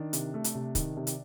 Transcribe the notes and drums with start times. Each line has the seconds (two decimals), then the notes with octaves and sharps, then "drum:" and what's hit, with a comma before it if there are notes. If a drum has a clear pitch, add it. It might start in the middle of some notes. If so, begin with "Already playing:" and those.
Already playing: D#3 D4
0.13 C3, drum: hi-hat
0.34 A3
0.44 drum: hi-hat
0.55 C3
0.75 D#3, drum: kick, hi-hat
0.97 C3
1.07 drum: hi-hat